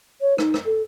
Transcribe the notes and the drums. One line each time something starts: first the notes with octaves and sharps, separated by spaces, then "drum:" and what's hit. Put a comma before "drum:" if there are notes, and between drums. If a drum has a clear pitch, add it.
C#5
D#4, drum: rim click
drum: rim click
A4